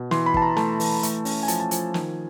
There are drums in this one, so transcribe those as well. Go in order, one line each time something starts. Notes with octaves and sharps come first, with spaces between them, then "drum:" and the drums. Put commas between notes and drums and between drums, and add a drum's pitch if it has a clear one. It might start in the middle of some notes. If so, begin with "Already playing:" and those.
Already playing: B2
E3 C6, drum: snare
B5
E3 A5, drum: kick
A#5
A3 A5, drum: snare
E3, drum: open hi-hat
A3, drum: hi-hat
C#4, drum: open hi-hat
G#5
F3 A5, drum: hi-hat
A5
F3 G#5, drum: hi-hat
D#3, drum: snare